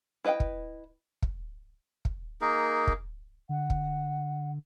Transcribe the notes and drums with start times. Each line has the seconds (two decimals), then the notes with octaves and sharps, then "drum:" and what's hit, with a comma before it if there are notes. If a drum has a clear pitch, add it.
0.25 E4 B4 D#5 F5 G5
0.40 drum: kick
1.22 drum: kick
2.05 drum: kick
2.41 A#3 D#4 G#4 A#4
2.87 drum: kick
3.49 D3 F#5
3.70 drum: kick